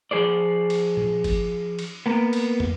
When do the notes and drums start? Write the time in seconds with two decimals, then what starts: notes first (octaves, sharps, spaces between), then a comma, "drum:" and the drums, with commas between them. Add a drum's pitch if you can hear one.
0.11 F3 G#4 C5 D5
0.70 drum: cymbal
0.97 drum: tom A#2
1.24 drum: kick, cymbal
1.79 drum: cymbal
2.06 A#3 B3
2.33 drum: cymbal
2.60 drum: tom